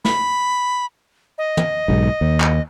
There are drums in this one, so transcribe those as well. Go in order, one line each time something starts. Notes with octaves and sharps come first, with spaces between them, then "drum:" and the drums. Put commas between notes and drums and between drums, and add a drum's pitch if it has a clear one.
B5, drum: snare
D#5
drum: tom
B1 G#2
D#2
drum: clap